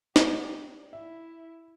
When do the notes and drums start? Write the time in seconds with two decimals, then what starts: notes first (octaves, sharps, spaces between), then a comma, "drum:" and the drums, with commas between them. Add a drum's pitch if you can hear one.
0.16 G4 D5, drum: snare
0.93 E4 E5